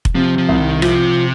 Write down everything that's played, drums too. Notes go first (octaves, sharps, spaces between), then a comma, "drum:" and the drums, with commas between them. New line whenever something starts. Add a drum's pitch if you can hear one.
drum: kick F1
C3 F3
F3
C2
D#3
C3 F3, drum: rim click